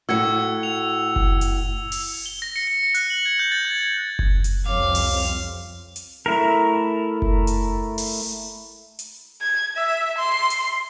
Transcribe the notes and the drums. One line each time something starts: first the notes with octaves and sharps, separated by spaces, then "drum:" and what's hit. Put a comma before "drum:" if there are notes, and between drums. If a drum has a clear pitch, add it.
A2 F#4 E6 G#6 C#7
F7
drum: kick F#1
drum: hi-hat
drum: open hi-hat
G7
A#6
C#7
C#7
C#7
F#6, drum: hi-hat
F#7
G#6
G6
A6
G#6
G#6
drum: kick F#1
drum: hi-hat
C2 F2 C4 C#5 F5 D6
drum: open hi-hat
drum: hi-hat
A3 E4 A#4
drum: kick F#1
drum: hi-hat
drum: open hi-hat
drum: hi-hat
G#6
E5
C6
drum: hi-hat